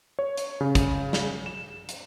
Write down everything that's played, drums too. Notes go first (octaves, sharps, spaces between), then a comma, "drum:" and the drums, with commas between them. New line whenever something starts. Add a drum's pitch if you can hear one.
C#5
drum: hi-hat
C#3
drum: kick, hi-hat
drum: snare
E7
drum: hi-hat